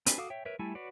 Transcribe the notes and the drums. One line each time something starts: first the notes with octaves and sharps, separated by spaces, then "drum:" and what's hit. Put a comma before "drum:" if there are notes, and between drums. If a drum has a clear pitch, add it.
C4 D4 G4 G#4 B4, drum: hi-hat
F#4 A4 F5 D6 D#6
C#5 E5 G5
A#4 B4 C#5 E5
G3 A3 E4 A4 G#5
F#4 B4 C#5 D5